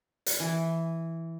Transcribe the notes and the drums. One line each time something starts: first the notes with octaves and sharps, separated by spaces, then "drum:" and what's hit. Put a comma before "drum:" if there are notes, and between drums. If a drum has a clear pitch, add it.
drum: hi-hat
E3